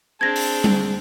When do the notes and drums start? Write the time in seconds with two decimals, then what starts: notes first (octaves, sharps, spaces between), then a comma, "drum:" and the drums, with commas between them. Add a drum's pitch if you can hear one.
0.21 C4 D4 G#4 A5 G#6 A#6
0.36 drum: open hi-hat
0.64 drum: tom G3